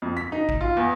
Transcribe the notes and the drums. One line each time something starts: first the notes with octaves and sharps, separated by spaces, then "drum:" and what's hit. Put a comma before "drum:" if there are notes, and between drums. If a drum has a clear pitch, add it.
F2
B6
D#4
drum: kick A1
F4
E2